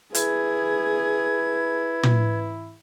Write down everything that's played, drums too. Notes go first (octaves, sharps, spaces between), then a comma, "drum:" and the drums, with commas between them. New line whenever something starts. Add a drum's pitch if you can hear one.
E4 G#4 B4 G#6, drum: hi-hat
drum: tom